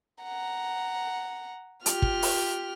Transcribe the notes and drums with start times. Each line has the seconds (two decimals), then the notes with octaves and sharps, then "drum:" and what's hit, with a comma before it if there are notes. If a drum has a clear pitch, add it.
0.22 F#5 A#5
1.86 F4 G4 F6, drum: hi-hat
2.02 drum: kick
2.22 drum: open hi-hat